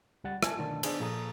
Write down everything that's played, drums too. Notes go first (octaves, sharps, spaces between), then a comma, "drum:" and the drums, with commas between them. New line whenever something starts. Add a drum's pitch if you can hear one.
C#2 G3 F#5 A6
E5 G#5 A5, drum: rim click
B2 D3 D#3 A3 D4 A5
B3 D4 D#4 G#4 C5, drum: cymbal
A#2 F3 G#4 A4 A#5 D#6